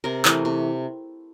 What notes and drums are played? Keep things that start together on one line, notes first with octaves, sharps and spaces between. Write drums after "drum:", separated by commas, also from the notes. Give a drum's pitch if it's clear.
C3 A#4
E3 A3, drum: clap
C3